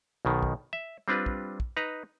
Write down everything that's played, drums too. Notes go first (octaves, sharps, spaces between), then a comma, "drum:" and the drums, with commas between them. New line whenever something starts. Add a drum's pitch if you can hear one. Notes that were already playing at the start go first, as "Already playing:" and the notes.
B1 B2 D#3
drum: kick
E5
G3 C4 D4 F4 B4
drum: kick
drum: kick
D#4 B4 A#5